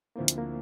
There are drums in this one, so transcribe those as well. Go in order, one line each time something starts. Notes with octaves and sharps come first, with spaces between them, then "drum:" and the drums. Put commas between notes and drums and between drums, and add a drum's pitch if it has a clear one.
D2 D3 F3 A#3 C4 E4
drum: hi-hat
A#3